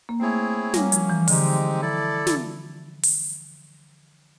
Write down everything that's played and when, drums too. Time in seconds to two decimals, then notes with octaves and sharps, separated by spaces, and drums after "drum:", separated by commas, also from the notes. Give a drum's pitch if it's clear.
0.09 A#3
0.20 A3 C4 E4 G#4 C#5
0.74 F#3 G3 A#3 C#4, drum: snare
0.92 F3, drum: hi-hat
1.10 E3
1.28 D3 G#3 C4 D#4 G4, drum: open hi-hat
1.82 E4 A4 D5
2.27 drum: snare
3.03 drum: open hi-hat